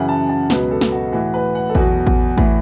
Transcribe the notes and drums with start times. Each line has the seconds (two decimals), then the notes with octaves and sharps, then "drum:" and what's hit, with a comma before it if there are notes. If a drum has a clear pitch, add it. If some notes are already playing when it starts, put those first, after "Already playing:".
Already playing: F#2 C#3 E3 F#5
0.09 A5
0.29 A5
0.50 C#2 B2 F#3 B4, drum: snare
0.71 A4
0.81 drum: snare
0.92 F#4
1.12 A2 E3 F#4
1.34 B4
1.55 F#5
1.69 A4
1.75 E2 B2 F#3 F#4, drum: kick A1
2.07 drum: kick A1
2.38 A2 E3, drum: kick A1